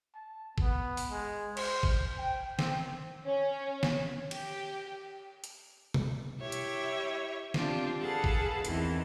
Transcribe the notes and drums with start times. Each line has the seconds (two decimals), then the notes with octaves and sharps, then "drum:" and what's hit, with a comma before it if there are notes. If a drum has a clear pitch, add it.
0.15 A5
0.58 B3, drum: kick G#1
0.97 drum: open hi-hat
1.10 G#3
1.57 C5, drum: cymbal
1.83 drum: kick G#1
2.18 G5
2.59 C4, drum: snare
3.25 C#4
3.83 drum: snare
4.31 G4, drum: cymbal
5.44 drum: hi-hat
5.94 drum: tom B2
6.41 E4 G4 C#5 E5
6.52 drum: hi-hat
7.54 C4 D4 F4 G4, drum: snare
8.01 G#4 A4 B4 F5 F#5 A5
8.24 drum: kick G#1
8.65 E2 D#3 E3 C4, drum: hi-hat